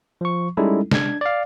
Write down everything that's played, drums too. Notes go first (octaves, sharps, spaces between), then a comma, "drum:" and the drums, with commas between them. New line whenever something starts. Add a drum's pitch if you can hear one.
F3 C#6
G3 G#3 C#4 D#4 E4 A4
D4 G#6, drum: snare
D5 F5